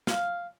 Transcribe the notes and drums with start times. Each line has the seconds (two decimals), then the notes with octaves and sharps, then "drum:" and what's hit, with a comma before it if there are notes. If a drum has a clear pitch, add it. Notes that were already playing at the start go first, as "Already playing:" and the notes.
0.07 F5, drum: snare